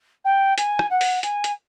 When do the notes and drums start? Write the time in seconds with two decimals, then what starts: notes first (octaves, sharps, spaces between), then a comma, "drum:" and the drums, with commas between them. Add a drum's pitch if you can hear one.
0.25 G5
0.58 G#5, drum: hi-hat
0.79 drum: rim click
0.90 F#5
1.01 drum: open hi-hat
1.23 G#5, drum: hi-hat
1.44 drum: hi-hat